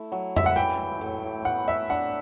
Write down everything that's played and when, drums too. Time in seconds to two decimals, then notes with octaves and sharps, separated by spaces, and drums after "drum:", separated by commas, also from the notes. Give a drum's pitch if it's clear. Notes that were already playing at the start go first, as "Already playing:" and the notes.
Already playing: A3 E4
0.12 F#3
0.36 E5, drum: tom F2
0.46 F#5
0.56 E3 G5
1.01 A2
1.45 B3 F#5
1.68 E5
1.90 D4 F#5